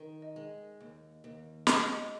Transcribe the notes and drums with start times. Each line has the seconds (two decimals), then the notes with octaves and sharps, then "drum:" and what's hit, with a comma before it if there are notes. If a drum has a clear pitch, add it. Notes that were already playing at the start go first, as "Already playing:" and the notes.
Already playing: D#3
0.22 D#5
0.36 G#3
0.80 D#2
1.24 D#2
1.67 G#3 D#5, drum: snare
1.88 D#5